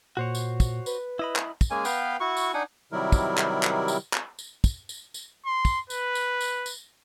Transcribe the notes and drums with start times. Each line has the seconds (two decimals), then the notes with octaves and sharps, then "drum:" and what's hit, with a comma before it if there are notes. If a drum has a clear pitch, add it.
0.17 A#2 F#4 C5 C#5
0.35 drum: tambourine
0.60 drum: kick, tambourine
0.86 B4, drum: tambourine
1.19 E4 D#5 B5
1.36 drum: clap
1.61 drum: kick, tambourine
1.71 G#3 A#3 C#4 G#5
1.85 B3 B4 F5 G5, drum: tambourine
2.20 E4 F#4 C#6
2.37 drum: tambourine
2.54 D4 D#4 F#5 G#5
2.92 C3 D#3 F#3 G3 E4 A#4
3.12 drum: kick, tambourine
3.38 drum: clap
3.63 drum: clap
3.88 drum: tambourine
4.13 drum: clap
4.39 drum: tambourine
4.64 drum: kick, tambourine
4.89 drum: tambourine
5.14 drum: tambourine
5.46 C6
5.65 drum: kick, tambourine
5.90 B4, drum: tambourine
6.15 drum: tambourine
6.41 drum: tambourine
6.66 drum: tambourine